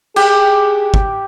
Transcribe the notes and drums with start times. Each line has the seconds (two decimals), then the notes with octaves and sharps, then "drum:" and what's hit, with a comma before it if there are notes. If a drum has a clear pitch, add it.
0.16 G4 G#4, drum: cymbal
0.94 drum: kick